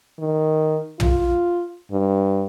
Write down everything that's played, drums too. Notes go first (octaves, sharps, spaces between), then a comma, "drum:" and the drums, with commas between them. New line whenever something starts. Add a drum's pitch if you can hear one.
D#3
F4, drum: tom
G2